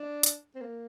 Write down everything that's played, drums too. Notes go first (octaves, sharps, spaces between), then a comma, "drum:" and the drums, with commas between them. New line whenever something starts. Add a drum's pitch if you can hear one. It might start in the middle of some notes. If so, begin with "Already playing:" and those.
Already playing: D4
drum: hi-hat
C4
A#3